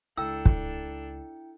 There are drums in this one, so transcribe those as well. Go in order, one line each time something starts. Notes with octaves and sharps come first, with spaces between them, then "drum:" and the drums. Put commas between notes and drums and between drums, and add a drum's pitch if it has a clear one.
C#2 D4 E4 A4 G5 E6
drum: kick